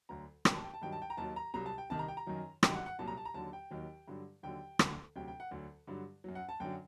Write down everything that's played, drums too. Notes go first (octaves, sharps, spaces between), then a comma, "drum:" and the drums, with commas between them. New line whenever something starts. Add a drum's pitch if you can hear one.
D2 D3 F#3 A#5
D#2 D#3 F#3 G5, drum: rim click
A5
G5
A5
G2 D#3 F#3 G5
A5
G5
A#5
D#2 D#3 F#3 A5
A#5
C2 C3 F#3 A#5
A5
G5
C2 C3 D#3 A5
A#5
G5
A#5
F#2 D#3 F#3
G2 D#3 F#3 G5, drum: rim click
F#5
F#5
C2 A#2 F#3 A5
A#5
A5
A#5
D#2 D3 F#3 A5
G5
D#2 D#3 F#3
G2 D3 F#3
D#2 D3 F#3 G5
D2 D3 F#3, drum: rim click
D2 C3 F#3 G5
G5
F#5
D2 D3 F#3
G2 D3 F#3
F#2 F#3
F#5
A5
F#2 D3 F#3 G5